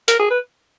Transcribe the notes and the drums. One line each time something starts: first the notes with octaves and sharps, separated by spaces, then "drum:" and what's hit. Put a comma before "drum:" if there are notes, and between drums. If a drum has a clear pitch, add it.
A#4, drum: hi-hat
G#4
B4